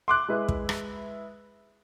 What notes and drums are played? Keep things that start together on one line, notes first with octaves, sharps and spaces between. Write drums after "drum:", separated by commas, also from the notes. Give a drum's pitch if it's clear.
C6 D6 F#6
G#3 E4 B4
drum: kick
drum: rim click